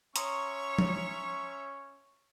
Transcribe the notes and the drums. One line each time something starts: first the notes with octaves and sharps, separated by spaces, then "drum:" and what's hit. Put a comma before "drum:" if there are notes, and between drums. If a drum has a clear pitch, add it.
C#4 C#5 E5 A#5 C6 C#6 D#6, drum: hi-hat
drum: tom F3